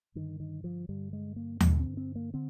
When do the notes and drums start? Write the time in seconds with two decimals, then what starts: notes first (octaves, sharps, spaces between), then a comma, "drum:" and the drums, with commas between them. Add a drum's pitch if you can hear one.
0.15 G2 D3 D#3
0.40 D#3
0.64 F3
0.89 G2 D3 G3
1.13 G#3
1.36 A#3
1.61 G2 D3 A#3, drum: tom D#2
1.79 C4
1.97 C4
2.15 A#3
2.34 D3 C4